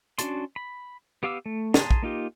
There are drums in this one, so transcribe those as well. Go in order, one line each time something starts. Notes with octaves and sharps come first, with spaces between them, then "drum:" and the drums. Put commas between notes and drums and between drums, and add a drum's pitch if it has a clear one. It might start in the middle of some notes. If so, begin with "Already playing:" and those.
C#4 D4 F#4 A5 C6, drum: hi-hat
B5
B3 G4 F5 D6 E6
A3
G#4 A5 A#5 C6, drum: snare
drum: kick
A#3 D#4 F4 G4